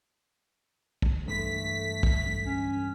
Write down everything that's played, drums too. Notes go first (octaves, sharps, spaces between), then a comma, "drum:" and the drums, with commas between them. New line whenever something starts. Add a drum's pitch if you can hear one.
drum: kick
G2 E3 G#3 A3 B6
drum: kick
C#4